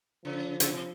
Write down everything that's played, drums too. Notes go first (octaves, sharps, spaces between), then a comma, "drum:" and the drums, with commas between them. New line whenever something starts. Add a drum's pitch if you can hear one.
C#3 F3
C#3, drum: hi-hat
C3